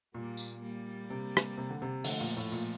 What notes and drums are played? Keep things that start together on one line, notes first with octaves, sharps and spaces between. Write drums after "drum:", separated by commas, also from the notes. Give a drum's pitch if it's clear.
A#2 G3 A#3
drum: tambourine
G3 A#3
C3
drum: rim click
C3
D3
C3
D3 F3 A3, drum: open hi-hat
A#2
A2
A#2